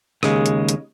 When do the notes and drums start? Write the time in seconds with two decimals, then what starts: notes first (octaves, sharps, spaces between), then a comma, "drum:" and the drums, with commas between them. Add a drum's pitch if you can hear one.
0.23 D#2 C#3 G#3, drum: rim click
0.46 drum: hi-hat
0.69 drum: hi-hat